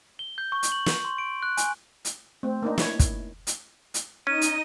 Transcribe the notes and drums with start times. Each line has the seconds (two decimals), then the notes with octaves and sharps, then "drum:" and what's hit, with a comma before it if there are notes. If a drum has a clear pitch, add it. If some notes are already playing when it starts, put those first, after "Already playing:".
0.19 G7
0.38 G6
0.52 C#6
0.63 drum: hi-hat
0.72 F#7
0.86 drum: snare
1.05 C6
1.18 D7
1.42 F#6
1.57 G#5, drum: hi-hat
2.05 drum: hi-hat
2.43 A3 C4 C5
2.62 A#3 D4 D#4
2.78 E4 C#5, drum: snare
2.99 drum: kick, hi-hat
3.47 drum: hi-hat
3.94 drum: hi-hat
4.27 C#4 D#4 D#5 D#7
4.41 drum: hi-hat